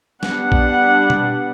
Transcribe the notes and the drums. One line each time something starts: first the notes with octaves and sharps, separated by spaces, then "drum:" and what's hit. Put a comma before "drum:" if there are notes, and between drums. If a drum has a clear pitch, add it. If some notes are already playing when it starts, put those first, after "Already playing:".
G3 B3 D4 F#5, drum: snare
drum: kick A#1
drum: tom B2